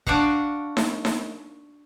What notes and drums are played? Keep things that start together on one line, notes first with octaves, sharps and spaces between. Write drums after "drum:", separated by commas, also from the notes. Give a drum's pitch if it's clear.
D4 F#4 F5 F#5, drum: kick
drum: snare D#4
drum: snare D#4